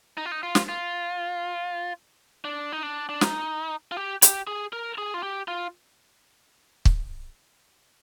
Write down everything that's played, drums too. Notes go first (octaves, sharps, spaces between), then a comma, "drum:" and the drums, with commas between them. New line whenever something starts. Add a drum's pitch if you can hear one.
D#4
F4
D#4
F4
drum: snare
F4
D4
D#4
D4
D4
D#4, drum: snare
F4
G4
G4, drum: hi-hat
G#4
A#4
G#4
F4
G4
F4
drum: kick